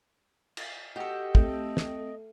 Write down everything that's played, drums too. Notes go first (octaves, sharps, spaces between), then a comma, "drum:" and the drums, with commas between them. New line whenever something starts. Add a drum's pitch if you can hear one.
drum: cymbal
F#4 G4 A4 D#5
A3 C4, drum: kick
drum: snare